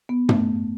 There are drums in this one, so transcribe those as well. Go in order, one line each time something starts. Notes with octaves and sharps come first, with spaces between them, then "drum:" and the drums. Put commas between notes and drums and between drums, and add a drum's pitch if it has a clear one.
B3
A3, drum: tom